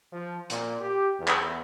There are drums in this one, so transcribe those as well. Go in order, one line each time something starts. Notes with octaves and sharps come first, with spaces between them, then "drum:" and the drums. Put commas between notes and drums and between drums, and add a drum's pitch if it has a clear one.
F3
A#2, drum: hi-hat
G4
E2
drum: clap